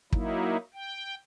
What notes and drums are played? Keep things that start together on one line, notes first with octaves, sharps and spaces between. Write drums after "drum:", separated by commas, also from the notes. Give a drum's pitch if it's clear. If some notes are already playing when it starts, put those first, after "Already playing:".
F#3 A#3 D#4 E4, drum: kick
G5